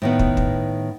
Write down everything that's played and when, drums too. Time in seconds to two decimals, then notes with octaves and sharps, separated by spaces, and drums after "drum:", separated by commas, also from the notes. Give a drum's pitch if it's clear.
0.02 A2 D#3 B3
0.19 drum: kick
0.37 drum: kick